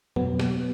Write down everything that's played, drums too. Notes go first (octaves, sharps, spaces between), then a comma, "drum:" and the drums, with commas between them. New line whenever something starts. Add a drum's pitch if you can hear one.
B2 F#3 B3, drum: tom F2
drum: snare